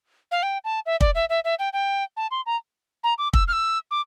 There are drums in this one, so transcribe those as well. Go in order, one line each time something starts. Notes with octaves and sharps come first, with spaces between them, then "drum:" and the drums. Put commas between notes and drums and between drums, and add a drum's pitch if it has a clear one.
F5
G5
A5
E5
D5, drum: kick
E5
E5
E5
G5
G5
A5
C6
A#5
A#5
D6
E6, drum: kick
F6
E6
D6